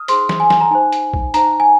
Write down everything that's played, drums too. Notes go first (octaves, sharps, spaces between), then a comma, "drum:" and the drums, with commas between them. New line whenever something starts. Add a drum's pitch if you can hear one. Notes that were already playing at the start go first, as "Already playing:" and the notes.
Already playing: D#6 F6
D#4 G#4 C5 C6, drum: hi-hat
drum: snare
G#5
drum: snare
A#5
D#4 C5 G#5
drum: hi-hat
drum: kick
D#4 C5 A#5, drum: hi-hat
G#5